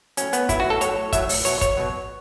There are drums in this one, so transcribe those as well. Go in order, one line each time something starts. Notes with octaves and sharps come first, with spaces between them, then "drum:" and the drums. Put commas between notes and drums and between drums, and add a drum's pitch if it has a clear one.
A2 F#3 C#4, drum: hi-hat
B3, drum: hi-hat
A2 F#3 E4, drum: kick, hi-hat
F#4
A4
A2 F#3 C#5, drum: hi-hat
A2 F#3 E5, drum: kick, hi-hat
drum: open hi-hat
B2 F#3 C#5, drum: hi-hat
C#5, drum: kick, hi-hat
B2 F#3